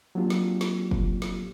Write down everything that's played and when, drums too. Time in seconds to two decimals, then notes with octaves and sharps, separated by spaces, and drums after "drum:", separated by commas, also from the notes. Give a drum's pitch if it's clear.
0.15 F#3 A#3 C4 D4 F4 G4
0.30 drum: snare
0.61 drum: snare
0.91 drum: kick F#1
1.22 drum: snare